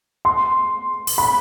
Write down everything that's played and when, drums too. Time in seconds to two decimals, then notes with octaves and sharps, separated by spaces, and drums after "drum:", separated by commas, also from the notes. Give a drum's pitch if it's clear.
0.25 C6
1.07 drum: open hi-hat
1.18 B5